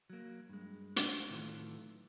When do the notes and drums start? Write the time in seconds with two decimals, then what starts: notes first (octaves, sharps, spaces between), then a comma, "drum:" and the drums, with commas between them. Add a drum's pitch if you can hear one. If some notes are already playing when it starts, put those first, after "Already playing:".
0.10 F#3 A#3
0.49 G2 G#3
0.96 drum: hi-hat
1.30 A2 D#3 E3 F#3 A3 F4